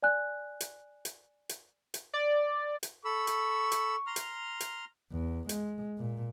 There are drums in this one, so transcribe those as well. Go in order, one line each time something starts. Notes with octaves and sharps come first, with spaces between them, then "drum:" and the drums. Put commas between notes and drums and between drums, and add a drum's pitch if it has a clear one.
D5 G#5 F#6
drum: hi-hat
drum: hi-hat
drum: hi-hat
drum: hi-hat
D5
drum: hi-hat
A4 B5 C#6 E6
drum: hi-hat
drum: hi-hat
A#5 C6 F6
drum: hi-hat
drum: hi-hat
E2
G#3, drum: hi-hat
A#2